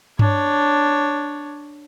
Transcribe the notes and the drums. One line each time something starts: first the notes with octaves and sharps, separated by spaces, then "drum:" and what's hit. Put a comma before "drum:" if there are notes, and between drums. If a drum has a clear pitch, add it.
D4 C#5, drum: tom G2